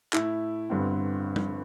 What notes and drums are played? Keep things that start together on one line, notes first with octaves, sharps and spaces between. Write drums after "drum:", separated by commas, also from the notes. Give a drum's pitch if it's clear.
A2 A3 E4, drum: clap
G1 G2 D3 C4
drum: tom G3